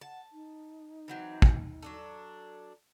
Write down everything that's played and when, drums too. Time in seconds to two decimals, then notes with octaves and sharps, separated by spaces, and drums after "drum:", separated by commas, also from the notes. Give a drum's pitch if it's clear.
0.01 F#5 A5
0.32 D#4
1.08 E3 F#3 C4
1.42 drum: kick
1.82 F#3 D4 A4